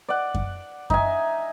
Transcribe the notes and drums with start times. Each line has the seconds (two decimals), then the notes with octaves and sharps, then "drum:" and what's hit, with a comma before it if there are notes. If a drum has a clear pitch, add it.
0.09 D5 F#5
0.35 drum: kick F#2
0.90 D#4 E5 G#5, drum: kick F#2